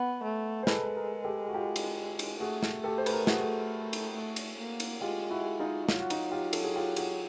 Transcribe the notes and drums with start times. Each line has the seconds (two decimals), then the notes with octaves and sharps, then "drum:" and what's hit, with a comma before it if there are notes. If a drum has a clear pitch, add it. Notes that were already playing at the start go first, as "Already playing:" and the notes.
Already playing: B3
0.24 A3
0.63 C5
0.67 G#3 A4 B4, drum: snare
0.83 B4
0.96 G#4 A#4
1.24 G4 A4
1.48 F#4
1.53 F4 G4
1.76 drum: cymbal
2.19 drum: cymbal
2.40 A3 F#4 G#4
2.63 drum: snare
2.84 G4 A4
2.98 C5
3.06 B4, drum: cymbal
3.13 A#4
3.20 A4
3.27 F#4 G#4, drum: snare
3.93 drum: cymbal
4.14 A3
4.36 drum: cymbal
4.58 A#3
4.80 drum: cymbal
5.01 G#3 F4 G4
5.30 E4 F#4
5.60 D#4 F4
5.89 F#3 F4, drum: snare
5.99 F#4
6.10 D#4 F4, drum: cymbal
6.31 F4 G4
6.53 A4, drum: cymbal
6.64 G#4
6.76 F4 G4
6.96 F#4 G#4, drum: cymbal